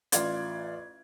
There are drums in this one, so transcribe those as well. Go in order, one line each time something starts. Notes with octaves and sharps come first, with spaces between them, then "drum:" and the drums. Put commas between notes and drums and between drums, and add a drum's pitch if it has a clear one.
A1 F4 D5 G#6, drum: hi-hat